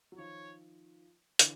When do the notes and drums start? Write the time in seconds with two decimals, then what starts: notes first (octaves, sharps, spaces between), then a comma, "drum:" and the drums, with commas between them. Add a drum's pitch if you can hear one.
0.12 F#3
0.18 D#3 F3 C#5
1.39 D3 E3, drum: hi-hat